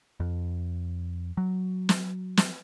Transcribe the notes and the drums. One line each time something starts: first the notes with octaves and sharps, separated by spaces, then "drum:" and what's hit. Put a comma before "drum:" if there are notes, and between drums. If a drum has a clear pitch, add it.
F2
F#3
drum: snare
drum: snare